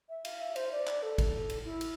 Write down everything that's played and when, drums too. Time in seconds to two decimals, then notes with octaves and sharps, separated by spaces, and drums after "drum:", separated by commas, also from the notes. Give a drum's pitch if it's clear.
0.09 E5
0.25 F5, drum: cymbal
0.40 E5
0.56 C5, drum: cymbal
0.72 D5
0.87 drum: clap
1.03 A4
1.18 drum: kick, cymbal
1.50 drum: cymbal
1.65 E4
1.81 drum: cymbal